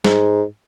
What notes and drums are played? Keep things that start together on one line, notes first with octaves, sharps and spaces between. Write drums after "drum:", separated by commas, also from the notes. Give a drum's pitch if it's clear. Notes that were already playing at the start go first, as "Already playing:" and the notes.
G#2, drum: snare